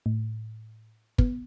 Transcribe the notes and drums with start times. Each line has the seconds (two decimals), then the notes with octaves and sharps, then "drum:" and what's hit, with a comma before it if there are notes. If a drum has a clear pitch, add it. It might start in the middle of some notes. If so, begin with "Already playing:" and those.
0.06 A2
1.18 B3, drum: kick